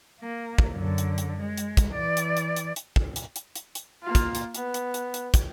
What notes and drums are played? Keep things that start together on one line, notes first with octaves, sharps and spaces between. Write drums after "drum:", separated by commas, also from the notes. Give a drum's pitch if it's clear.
A#3
drum: kick
F#2 D3
drum: hi-hat
drum: hi-hat
G#3
drum: hi-hat
drum: kick, hi-hat
E3 D5
drum: hi-hat
drum: hi-hat
drum: hi-hat
drum: hi-hat
drum: kick
drum: hi-hat
drum: hi-hat
drum: hi-hat
drum: hi-hat
A#3 F4
drum: kick, hi-hat
drum: hi-hat
B3, drum: hi-hat
drum: hi-hat
drum: hi-hat
drum: hi-hat
drum: kick, hi-hat